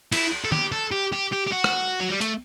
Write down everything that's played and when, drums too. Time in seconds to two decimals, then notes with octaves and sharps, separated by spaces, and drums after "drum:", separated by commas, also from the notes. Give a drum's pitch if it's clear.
0.12 E4, drum: cymbal
0.45 A4
0.52 G4, drum: tom
0.72 A4
0.92 G4
1.12 G4
1.32 G4
1.47 G4
1.52 F#4
1.64 drum: rim click
2.00 F#3
2.10 G3
2.21 A3, drum: hi-hat